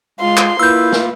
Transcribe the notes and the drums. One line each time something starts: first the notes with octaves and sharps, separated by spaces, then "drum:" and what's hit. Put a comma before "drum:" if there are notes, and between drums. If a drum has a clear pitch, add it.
G#3 F4 C6
drum: clap
A#3 E4 F4 B4 F5 E6 G6
drum: snare